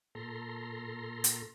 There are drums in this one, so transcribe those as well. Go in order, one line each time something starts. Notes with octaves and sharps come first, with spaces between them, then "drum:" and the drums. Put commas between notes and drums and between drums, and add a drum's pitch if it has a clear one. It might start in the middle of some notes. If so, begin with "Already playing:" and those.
A#2 A4 A#5 C6
drum: hi-hat